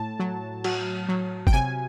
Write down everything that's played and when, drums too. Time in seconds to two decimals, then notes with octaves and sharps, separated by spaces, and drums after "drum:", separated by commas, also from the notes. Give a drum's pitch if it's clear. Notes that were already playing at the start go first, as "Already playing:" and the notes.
Already playing: A2 A5
0.20 F#3
0.64 F#3, drum: cymbal
1.09 F#3
1.47 G5, drum: kick G1
1.53 C3 G#5